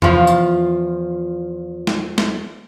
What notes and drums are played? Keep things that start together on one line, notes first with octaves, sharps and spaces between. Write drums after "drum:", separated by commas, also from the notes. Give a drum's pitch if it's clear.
E2 F3 F4, drum: tom E2
drum: tambourine
drum: snare
drum: snare